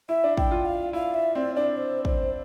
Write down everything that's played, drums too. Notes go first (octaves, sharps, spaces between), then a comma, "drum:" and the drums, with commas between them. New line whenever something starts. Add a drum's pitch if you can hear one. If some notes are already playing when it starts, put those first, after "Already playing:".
E4 E5
D4
E4 G5, drum: kick
F4
F5
E4 F5
E5
C4 D5
D4 D5
C5
C5, drum: kick